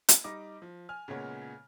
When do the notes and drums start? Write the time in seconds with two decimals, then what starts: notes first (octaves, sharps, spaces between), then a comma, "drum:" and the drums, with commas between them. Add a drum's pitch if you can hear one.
0.09 drum: hi-hat
0.24 G3 D#4 D6 A#6
0.62 F3
0.89 G#5 F6
1.08 A#2 C#3 G#3 B3 C#5